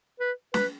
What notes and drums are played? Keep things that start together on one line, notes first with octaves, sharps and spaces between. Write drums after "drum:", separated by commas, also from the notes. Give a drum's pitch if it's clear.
B4
B4, drum: snare